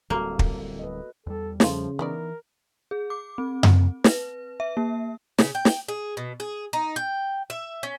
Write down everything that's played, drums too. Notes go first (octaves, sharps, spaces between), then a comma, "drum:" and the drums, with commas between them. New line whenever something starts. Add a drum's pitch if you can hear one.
D1 G3 A#3 C4 F#4 A4
drum: kick
B4 D#5
E2 G3 A4
C#3 F3 A3 F4, drum: snare
D#3 E3 B3 A#4 D5
G#4
D6
C4
drum: tom F#2
B4, drum: snare
E5
A#3
C#3, drum: snare
G5
drum: snare
G#4
B2
G#4
D#4
G5
E5
C#4